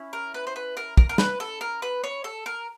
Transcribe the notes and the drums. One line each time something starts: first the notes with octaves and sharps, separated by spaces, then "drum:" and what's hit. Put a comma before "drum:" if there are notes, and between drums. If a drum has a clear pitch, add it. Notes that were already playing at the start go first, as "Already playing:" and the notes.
Already playing: C#4 E4
A#4
B4
C5
B4
A#4
A#4, drum: kick
A#4
B4, drum: snare
A4
A#4
B4
C#5
A4
A#4